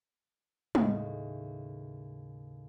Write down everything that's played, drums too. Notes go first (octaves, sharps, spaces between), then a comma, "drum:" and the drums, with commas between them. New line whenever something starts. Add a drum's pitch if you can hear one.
D#2 A2 C#3, drum: tom